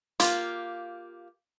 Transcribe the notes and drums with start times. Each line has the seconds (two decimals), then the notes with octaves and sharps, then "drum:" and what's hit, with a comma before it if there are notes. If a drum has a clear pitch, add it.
0.20 A#3 F4 G4, drum: hi-hat